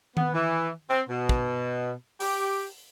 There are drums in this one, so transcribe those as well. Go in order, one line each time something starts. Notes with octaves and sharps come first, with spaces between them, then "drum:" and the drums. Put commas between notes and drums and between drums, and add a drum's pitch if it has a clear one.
B3, drum: tom D#3
E3
C4
B2
drum: kick
G4, drum: open hi-hat